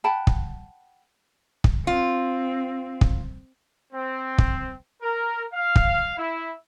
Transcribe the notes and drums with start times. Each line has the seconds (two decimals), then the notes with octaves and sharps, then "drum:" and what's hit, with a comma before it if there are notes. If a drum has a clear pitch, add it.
0.04 F#5 G5 A5 B5
0.27 drum: kick
1.64 drum: kick
1.87 C4 F4
3.01 drum: kick
3.93 C4
4.38 drum: kick
5.02 A#4
5.53 F5
5.76 drum: kick
6.17 E4